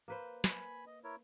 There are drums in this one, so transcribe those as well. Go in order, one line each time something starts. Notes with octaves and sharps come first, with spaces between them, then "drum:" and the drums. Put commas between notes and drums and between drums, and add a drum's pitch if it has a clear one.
A#3 B4 C5
G#5 B5, drum: snare
D#5
E4 A#4 C#5